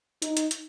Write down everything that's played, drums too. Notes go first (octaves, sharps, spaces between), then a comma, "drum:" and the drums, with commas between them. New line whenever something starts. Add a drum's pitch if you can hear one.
D#4, drum: hi-hat
drum: hi-hat
drum: hi-hat